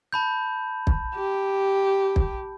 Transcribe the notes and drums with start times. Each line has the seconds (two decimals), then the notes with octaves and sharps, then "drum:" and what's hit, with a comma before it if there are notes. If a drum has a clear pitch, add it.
0.13 A5 B5 G6
0.87 drum: kick
1.15 G4
2.16 drum: kick